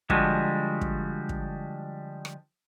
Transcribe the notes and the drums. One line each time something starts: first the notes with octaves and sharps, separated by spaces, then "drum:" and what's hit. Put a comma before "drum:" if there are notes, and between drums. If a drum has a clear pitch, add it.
D3 F3 G3 G#3 F#4, drum: kick
drum: kick
drum: kick
drum: rim click